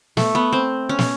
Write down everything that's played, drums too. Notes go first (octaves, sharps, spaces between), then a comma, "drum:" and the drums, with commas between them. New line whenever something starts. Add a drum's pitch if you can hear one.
A3, drum: snare
B3
C4
C#4
drum: snare